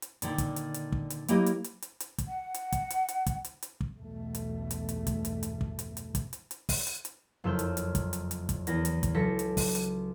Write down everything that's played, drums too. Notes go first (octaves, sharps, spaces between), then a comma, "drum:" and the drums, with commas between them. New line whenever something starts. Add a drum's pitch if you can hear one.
drum: hi-hat
A#2 D3 D#3, drum: hi-hat
drum: kick, hi-hat
drum: hi-hat
drum: hi-hat
drum: kick
drum: hi-hat
F#3 A#3 E4 G4 A#4 D#5, drum: hi-hat
drum: hi-hat
drum: hi-hat
drum: hi-hat
drum: hi-hat
drum: kick, hi-hat
F#5
drum: hi-hat
drum: kick, hi-hat
drum: hi-hat
drum: hi-hat
drum: kick, hi-hat
drum: hi-hat
drum: hi-hat
drum: kick
B1 E2 G2 B2 A3
drum: hi-hat
drum: hi-hat
drum: hi-hat
drum: kick, hi-hat
drum: hi-hat
drum: hi-hat
drum: kick
drum: hi-hat
drum: hi-hat
drum: kick, hi-hat
drum: hi-hat
drum: hi-hat
drum: kick, open hi-hat
drum: hi-hat
drum: hi-hat
F#1 F2 E6 F6 G6
drum: hi-hat
drum: hi-hat
drum: kick, hi-hat
drum: hi-hat
drum: hi-hat
drum: kick, hi-hat
E2 A#6, drum: hi-hat
drum: hi-hat
drum: kick, hi-hat
C#2 F#3 A4 A#6 B6 C#7
drum: hi-hat
drum: kick, open hi-hat
drum: hi-hat